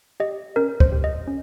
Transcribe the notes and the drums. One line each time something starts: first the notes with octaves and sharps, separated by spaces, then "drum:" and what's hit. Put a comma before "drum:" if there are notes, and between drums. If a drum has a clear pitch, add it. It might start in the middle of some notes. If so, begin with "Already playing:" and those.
G4 D#5
C#4 A#4
C5, drum: kick
G4
D#5
C#4